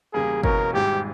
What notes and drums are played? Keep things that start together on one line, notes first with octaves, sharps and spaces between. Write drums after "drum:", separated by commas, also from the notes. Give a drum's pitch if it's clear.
E2 C#3 G3 A#3 G#4
E2 B2 A#3 C#4 A#4, drum: kick
G#1 G#2 G3 G4